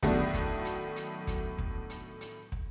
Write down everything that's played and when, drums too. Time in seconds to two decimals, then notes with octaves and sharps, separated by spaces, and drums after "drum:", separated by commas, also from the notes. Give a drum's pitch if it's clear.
0.03 A2 D#3 F#3 A3 B3 D4, drum: kick, hi-hat
0.34 drum: kick, hi-hat
0.65 drum: hi-hat
0.96 drum: hi-hat
1.27 drum: kick, hi-hat
1.58 drum: kick
1.90 drum: hi-hat
2.21 drum: hi-hat
2.52 drum: kick